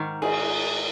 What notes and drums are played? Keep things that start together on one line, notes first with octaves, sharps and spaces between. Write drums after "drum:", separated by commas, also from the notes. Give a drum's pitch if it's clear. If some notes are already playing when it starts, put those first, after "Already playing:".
Already playing: G#2 D#3
G#4, drum: cymbal